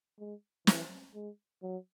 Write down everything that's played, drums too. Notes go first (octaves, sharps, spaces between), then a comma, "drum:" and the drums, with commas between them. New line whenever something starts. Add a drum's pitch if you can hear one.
G#3
E3, drum: snare
G#3
F#3